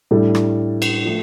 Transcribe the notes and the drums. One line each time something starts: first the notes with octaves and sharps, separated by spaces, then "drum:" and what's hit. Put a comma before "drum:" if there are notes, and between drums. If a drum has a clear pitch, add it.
A2 G3 D4 A4
drum: rim click
drum: cymbal
F3 A3